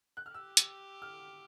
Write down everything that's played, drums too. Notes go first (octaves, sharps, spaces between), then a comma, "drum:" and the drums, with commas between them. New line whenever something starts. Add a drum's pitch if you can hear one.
F#6
F6
G4 E6
drum: hi-hat
F6